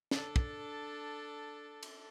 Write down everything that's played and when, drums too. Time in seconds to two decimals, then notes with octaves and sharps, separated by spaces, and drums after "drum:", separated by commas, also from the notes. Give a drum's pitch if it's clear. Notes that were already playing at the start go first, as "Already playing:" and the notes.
0.11 D4 A4, drum: snare
0.36 drum: kick
1.83 drum: cymbal